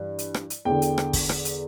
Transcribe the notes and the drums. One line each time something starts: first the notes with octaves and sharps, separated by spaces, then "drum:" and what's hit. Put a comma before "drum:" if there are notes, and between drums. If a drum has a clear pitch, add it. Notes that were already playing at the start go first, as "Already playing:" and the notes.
Already playing: G2 E3
drum: hi-hat
drum: rim click
drum: hi-hat
E2 D3 G5
drum: hi-hat
drum: rim click
drum: kick, open hi-hat
drum: rim click
drum: hi-hat